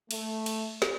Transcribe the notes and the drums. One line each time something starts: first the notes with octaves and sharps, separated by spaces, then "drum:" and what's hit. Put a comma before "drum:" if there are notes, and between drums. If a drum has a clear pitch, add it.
A3, drum: cymbal
drum: cymbal
drum: snare